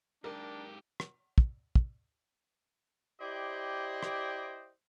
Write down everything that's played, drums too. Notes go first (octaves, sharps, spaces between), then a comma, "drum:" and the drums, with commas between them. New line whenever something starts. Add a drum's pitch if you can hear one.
G#2 D4 G4 A#4
drum: rim click
drum: kick
drum: kick
E4 G4 C5 D5 D#5 G5
drum: rim click